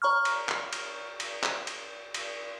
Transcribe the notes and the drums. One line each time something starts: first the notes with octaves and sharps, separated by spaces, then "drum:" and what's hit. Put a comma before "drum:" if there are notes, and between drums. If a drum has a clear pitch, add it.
C#5 A#5 C#6 F6
drum: cymbal
drum: clap
drum: cymbal
drum: cymbal
drum: clap
drum: cymbal
drum: cymbal